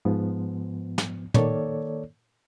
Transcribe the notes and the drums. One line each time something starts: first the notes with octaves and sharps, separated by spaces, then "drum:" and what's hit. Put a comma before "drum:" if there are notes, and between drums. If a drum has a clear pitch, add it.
G#2 F3 B3
drum: snare
D#3 A#3 A4 C#5 D5, drum: tom